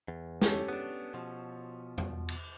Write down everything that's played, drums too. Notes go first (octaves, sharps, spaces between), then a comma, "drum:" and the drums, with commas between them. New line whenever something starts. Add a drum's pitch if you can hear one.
E2
C#4 G4 A4, drum: snare
B3 D4
B2 F3
drum: tom E2
drum: cymbal